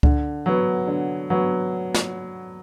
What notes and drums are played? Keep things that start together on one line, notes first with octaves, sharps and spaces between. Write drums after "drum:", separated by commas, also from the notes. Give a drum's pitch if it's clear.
D3, drum: kick C#2
F#3 B3
D3
F#3 B3
drum: snare